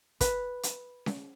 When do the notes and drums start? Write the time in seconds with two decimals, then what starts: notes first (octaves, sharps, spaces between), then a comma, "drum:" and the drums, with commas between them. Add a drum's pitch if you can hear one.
0.21 B4, drum: kick, hi-hat
0.63 drum: hi-hat
1.06 drum: snare C#4